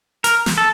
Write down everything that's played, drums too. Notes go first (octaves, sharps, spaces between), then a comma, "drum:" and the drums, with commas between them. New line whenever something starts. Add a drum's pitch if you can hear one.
A#4, drum: hi-hat
drum: snare
A4